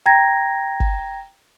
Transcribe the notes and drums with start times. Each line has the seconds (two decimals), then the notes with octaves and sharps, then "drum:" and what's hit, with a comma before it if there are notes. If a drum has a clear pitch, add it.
0.06 G5 A#5 G#6 A#6
0.80 drum: kick